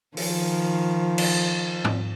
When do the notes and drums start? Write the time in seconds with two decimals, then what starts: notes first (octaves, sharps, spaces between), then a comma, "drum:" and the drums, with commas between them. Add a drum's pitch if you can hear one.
0.17 D#3 F3, drum: open hi-hat
1.18 drum: cymbal
1.84 drum: tom G#2